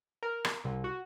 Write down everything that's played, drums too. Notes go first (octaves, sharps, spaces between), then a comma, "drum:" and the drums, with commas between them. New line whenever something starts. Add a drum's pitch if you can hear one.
A#4
drum: rim click
C2
F#4